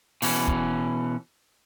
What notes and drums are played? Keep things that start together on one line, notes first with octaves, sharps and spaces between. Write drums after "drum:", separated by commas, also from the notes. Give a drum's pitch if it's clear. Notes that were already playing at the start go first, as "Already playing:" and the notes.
B2 E3 C#4, drum: open hi-hat
drum: kick